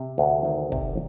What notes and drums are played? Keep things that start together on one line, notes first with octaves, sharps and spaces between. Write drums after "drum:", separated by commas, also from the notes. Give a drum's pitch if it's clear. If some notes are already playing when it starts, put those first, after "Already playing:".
Already playing: C3
D2
D#3
C3, drum: kick